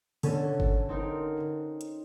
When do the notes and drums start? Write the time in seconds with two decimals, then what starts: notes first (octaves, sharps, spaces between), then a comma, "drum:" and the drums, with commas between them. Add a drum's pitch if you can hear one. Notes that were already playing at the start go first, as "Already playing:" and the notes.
0.23 D3 C#4 A4, drum: open hi-hat
0.60 drum: kick G1
0.89 C4 D#4 A#4
1.81 drum: hi-hat